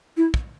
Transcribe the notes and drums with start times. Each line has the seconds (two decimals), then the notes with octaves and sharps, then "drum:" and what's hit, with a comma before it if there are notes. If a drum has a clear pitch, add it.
0.17 E4
0.34 drum: kick